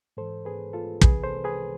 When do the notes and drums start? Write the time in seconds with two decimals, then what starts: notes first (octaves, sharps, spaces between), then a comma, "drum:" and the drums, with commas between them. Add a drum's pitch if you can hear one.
0.17 G#2 E3 A4 C5
0.45 G#4 B4
0.73 F4 A4
1.01 C2 C3 E3 G#4 B4, drum: kick
1.23 A4 C5
1.44 G#4 B4